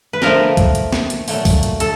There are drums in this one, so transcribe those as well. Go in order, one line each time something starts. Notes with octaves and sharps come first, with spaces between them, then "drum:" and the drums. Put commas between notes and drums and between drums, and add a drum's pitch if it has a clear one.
B4
D3 F3 A3 A#4, drum: snare
drum: kick C2, hi-hat
drum: hi-hat
drum: snare
drum: hi-hat
A#2 F#3 A3, drum: open hi-hat
drum: kick C2, open hi-hat
drum: hi-hat
A4, drum: hi-hat